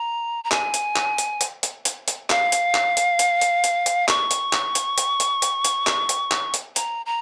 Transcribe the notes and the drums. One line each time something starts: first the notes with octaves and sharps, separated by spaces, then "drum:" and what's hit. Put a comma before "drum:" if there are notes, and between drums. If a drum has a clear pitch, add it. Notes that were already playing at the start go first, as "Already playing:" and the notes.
Already playing: A#5
A#5
G#5, drum: clap
drum: hi-hat
drum: clap
drum: hi-hat
drum: hi-hat
drum: hi-hat
drum: hi-hat
drum: hi-hat
F5, drum: clap
drum: hi-hat
drum: clap
drum: hi-hat
drum: hi-hat
drum: hi-hat
drum: hi-hat
drum: hi-hat
C#6, drum: clap
drum: hi-hat
drum: clap
drum: hi-hat
drum: hi-hat
drum: hi-hat
drum: hi-hat
drum: hi-hat
drum: clap
drum: hi-hat
drum: clap
drum: hi-hat
A#5, drum: hi-hat
A#5